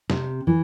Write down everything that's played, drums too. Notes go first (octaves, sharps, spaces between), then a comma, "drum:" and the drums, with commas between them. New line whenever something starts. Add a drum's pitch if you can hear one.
C3, drum: snare
E3